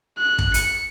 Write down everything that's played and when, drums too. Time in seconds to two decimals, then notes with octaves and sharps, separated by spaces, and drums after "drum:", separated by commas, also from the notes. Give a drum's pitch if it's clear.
0.18 F#6
0.38 drum: kick
0.54 C#7, drum: hi-hat